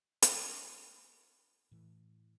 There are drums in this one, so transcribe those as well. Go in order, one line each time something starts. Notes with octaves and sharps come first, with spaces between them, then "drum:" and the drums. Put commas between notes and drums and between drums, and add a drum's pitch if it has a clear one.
drum: hi-hat
A2 E3